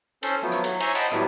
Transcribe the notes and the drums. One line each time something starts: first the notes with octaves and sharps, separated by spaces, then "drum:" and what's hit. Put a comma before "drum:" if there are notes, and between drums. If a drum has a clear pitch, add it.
C#4 A4 C5, drum: cymbal
F3 F#3 A3 B3
drum: rim click
F#3, drum: cymbal
C5 C#5 E5 G#5 A#5, drum: cymbal
C5 D#5 F#5 G5 A5 B5, drum: cymbal
A2 F#3 G3 A3 B3, drum: rim click